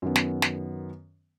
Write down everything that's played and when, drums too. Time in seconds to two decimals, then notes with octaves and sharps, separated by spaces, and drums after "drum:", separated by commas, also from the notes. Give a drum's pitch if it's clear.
0.02 F#2 D#3 B3
0.16 drum: snare
0.42 drum: snare